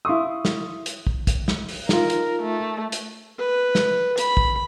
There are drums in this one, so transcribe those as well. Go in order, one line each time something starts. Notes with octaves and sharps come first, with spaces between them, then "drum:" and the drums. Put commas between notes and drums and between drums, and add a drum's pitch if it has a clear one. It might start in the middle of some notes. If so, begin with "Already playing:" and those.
E4 F5 C6 C#6 D#6
drum: snare
drum: hi-hat
drum: kick
drum: kick, hi-hat
drum: snare
drum: open hi-hat
D#4 F4 A#4, drum: snare
drum: hi-hat
A3
drum: hi-hat
B4
drum: snare
B5, drum: hi-hat
drum: kick